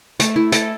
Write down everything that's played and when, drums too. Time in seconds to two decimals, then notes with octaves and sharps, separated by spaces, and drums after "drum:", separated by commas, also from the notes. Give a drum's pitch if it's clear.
0.20 A3, drum: hi-hat
0.36 E4
0.52 A4, drum: hi-hat